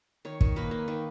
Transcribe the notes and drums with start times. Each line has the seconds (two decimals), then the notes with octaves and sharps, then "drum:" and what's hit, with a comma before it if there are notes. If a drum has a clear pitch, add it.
0.25 D#3 C#5
0.41 D#3, drum: kick
0.56 A#3 B4
0.71 A#3
0.88 D#3